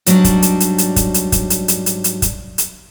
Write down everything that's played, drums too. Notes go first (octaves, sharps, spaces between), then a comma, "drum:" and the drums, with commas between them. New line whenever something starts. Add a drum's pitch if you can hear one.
G#2 F#3 G3 C#4 D4, drum: hi-hat
drum: kick, hi-hat
drum: hi-hat
drum: hi-hat
drum: hi-hat
drum: kick, hi-hat
drum: hi-hat
drum: kick, hi-hat
drum: hi-hat
drum: hi-hat
drum: hi-hat
drum: hi-hat
drum: kick, hi-hat
drum: hi-hat